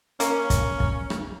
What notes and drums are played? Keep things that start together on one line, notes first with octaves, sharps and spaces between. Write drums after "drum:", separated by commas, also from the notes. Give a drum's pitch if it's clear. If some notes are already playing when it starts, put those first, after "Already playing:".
A#3 C#4, drum: hi-hat
drum: kick, hi-hat
drum: kick
drum: rim click